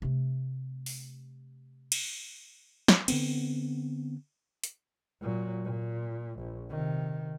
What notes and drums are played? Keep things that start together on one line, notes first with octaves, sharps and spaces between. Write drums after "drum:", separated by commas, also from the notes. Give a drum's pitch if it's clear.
C3 A3
drum: open hi-hat
drum: cymbal
drum: snare
D3 B3 C4, drum: cymbal
drum: hi-hat
A#2 F#3
A#2
A#1
C3 D#3